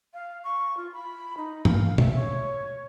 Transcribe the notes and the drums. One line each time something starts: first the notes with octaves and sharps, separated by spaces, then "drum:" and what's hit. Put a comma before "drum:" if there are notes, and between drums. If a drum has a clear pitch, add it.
F5
C#6
F4
B5
D#4
F5, drum: tom
E5, drum: tom
C#5